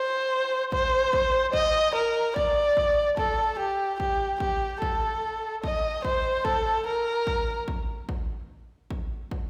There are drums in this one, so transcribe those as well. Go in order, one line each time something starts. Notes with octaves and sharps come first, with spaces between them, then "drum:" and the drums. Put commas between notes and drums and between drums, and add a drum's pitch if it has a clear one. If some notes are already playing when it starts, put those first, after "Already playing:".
Already playing: C5
C5, drum: kick
drum: kick
D#5, drum: kick
A#4
D5, drum: kick
drum: kick
A4, drum: kick
G4
G4, drum: kick
G4, drum: kick
A4, drum: kick
D#5, drum: kick
C5, drum: kick
A4, drum: kick
A#4
drum: kick
drum: kick
drum: kick
drum: kick
drum: kick